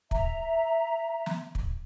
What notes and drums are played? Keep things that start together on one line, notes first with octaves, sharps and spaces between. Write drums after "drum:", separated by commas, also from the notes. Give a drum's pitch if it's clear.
E5 A#5, drum: kick
drum: snare
drum: kick